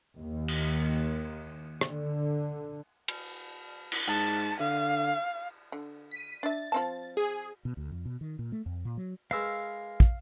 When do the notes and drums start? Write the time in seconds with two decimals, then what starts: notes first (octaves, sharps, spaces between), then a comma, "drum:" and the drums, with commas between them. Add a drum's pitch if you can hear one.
0.17 D#2
0.48 drum: cymbal
1.81 D3, drum: rim click
3.08 drum: cymbal
3.92 drum: cymbal
4.07 G#2 A5
4.60 D3 F5
5.72 D3
6.12 B6 D#7
6.43 D4 E5 A6
6.72 F3 C4 A5
7.17 G#4
7.65 B2
7.77 D2
7.92 F2
8.05 B2
8.21 D#3
8.39 A#2
8.52 A3
8.66 F2
8.85 A#2
8.97 F#3
9.31 G#3 A#4 B4 F5 E6
10.00 drum: kick